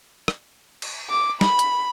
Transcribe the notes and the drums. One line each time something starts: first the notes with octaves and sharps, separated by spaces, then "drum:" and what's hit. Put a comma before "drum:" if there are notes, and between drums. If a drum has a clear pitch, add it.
drum: rim click
drum: cymbal
D6
B5, drum: snare
drum: hi-hat